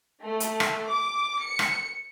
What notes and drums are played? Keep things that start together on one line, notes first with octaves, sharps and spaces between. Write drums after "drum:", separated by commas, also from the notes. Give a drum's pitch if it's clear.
A3
drum: hi-hat
drum: rim click
D6
C#7
drum: rim click